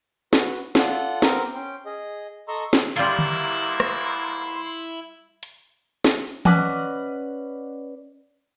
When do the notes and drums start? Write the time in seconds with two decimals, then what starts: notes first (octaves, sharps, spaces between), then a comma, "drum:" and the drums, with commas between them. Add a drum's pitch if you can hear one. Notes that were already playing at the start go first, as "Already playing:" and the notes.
0.33 F#4 B4, drum: snare
0.75 F4 A4 D5 F#5, drum: snare
1.22 B3 C4 A#4 C5 A#5 D6, drum: snare
1.55 C#4 G5 C6
1.86 G#4 D#5
2.48 A4 D#5 A#5 C6 C#6 E6
2.73 drum: snare
2.96 E2 G#2 G3 A#3 E4 F4 C6, drum: cymbal
3.19 drum: tom
3.80 drum: rim click
5.43 drum: hi-hat
6.05 drum: snare
6.45 C#4 B4 D5 D#5 F#5, drum: tom E3